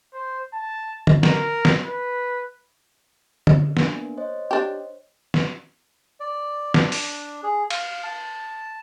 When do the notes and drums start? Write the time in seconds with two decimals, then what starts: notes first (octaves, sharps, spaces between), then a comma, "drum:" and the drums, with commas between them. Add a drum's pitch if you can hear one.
0.14 C5
0.54 A5
1.07 drum: tom D3
1.23 A#4, drum: snare
1.65 drum: snare
1.85 B4
3.47 drum: tom D3
3.77 A#3 B3 D4, drum: snare
4.17 C5 C#5 D#5
4.51 D4 G4
5.34 drum: snare
6.20 D5
6.74 D4, drum: snare
6.92 drum: open hi-hat
7.43 G#4
7.70 F5, drum: cymbal
8.04 A5